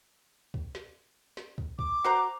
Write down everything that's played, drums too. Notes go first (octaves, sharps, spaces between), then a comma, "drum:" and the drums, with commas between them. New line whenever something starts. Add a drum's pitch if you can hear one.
drum: kick
drum: snare
drum: snare
drum: kick
D6, drum: kick
F#4 C5 A#5